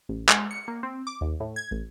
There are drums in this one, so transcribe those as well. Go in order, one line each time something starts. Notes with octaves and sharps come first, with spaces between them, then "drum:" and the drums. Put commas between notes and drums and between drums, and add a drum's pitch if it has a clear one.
A1
G#3, drum: clap
C#7
A#3
C4
D6
D#2
A2
G#6
A1